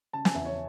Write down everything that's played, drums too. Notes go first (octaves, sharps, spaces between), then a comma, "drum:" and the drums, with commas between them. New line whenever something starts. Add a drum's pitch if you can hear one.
C#3 A5
G#5, drum: snare
E2 E5
C#5